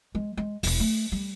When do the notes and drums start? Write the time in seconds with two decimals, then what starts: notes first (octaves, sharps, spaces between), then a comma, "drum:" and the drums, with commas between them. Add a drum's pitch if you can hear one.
0.15 G#3
0.37 G#3
0.63 E1 E4, drum: open hi-hat
0.80 A3
1.12 G3